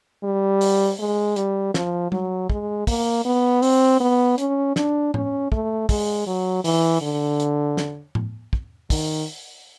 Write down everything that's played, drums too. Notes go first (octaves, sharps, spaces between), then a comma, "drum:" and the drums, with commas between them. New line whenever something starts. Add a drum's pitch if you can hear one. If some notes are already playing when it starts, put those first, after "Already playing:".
G3
drum: open hi-hat
G#3
G3, drum: hi-hat
F3, drum: snare
F#3, drum: tom G3
G#3, drum: kick
A#3, drum: kick, open hi-hat
B3
C4, drum: open hi-hat
B3
C#4, drum: hi-hat
D4, drum: snare
C#4, drum: tom A2
A3, drum: kick
G#3, drum: kick, open hi-hat
F#3
E3, drum: open hi-hat
D3
drum: hi-hat
drum: snare
drum: tom A2
drum: kick
D#3, drum: kick, open hi-hat